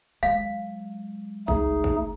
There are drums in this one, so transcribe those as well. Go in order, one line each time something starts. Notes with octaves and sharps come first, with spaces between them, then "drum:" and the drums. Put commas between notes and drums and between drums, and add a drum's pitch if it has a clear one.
F#3 G#3 F5
C#2 A3 D#4 G#4, drum: kick
drum: kick